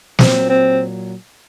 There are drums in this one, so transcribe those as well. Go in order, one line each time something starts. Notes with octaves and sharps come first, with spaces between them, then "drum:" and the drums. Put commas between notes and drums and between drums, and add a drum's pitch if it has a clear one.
A#2 F#3 C4, drum: snare
C4